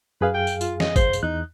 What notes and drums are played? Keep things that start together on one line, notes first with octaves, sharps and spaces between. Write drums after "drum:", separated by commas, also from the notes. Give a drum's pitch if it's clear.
F#2 G#4 B4 F5
G5
drum: tambourine
F4, drum: tambourine
D#5, drum: snare
C5, drum: kick, tambourine
drum: tambourine
E2 D#4 F#6